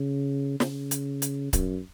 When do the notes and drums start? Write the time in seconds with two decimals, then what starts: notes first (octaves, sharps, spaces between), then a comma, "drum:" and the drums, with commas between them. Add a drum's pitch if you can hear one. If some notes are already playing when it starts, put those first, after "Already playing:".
Already playing: C#3
0.60 C#3, drum: snare
0.91 drum: hi-hat
1.22 drum: hi-hat
1.53 F#2, drum: kick C#1, hi-hat